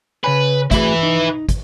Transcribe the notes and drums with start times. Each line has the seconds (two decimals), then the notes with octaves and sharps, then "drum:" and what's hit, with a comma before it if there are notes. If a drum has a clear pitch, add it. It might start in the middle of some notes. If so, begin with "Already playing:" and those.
0.24 C#3 B4 C#5 G#5
0.71 A3 E4 F#4 G#4 B4, drum: kick, hi-hat
1.03 D#4
1.49 drum: kick, hi-hat